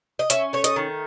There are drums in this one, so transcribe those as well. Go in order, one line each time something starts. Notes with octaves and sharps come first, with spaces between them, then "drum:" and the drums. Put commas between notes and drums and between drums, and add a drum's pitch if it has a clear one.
D#5
C#4 E5, drum: hi-hat
A3 C#5
D#5, drum: hi-hat
D#3